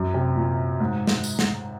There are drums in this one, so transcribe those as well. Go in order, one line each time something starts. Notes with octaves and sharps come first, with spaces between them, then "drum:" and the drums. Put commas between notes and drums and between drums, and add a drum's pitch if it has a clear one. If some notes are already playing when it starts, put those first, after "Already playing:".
Already playing: F#2
C3
A#2
G#2
drum: snare
drum: tambourine
drum: snare